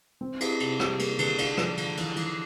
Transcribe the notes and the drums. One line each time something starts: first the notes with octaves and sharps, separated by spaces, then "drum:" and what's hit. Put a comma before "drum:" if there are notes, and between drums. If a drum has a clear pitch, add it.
C4
E4, drum: cymbal
C3, drum: cymbal
G3, drum: rim click
A#3, drum: cymbal
D3, drum: cymbal
D4, drum: cymbal
F3, drum: rim click
D3, drum: cymbal
E3, drum: cymbal
E3, drum: cymbal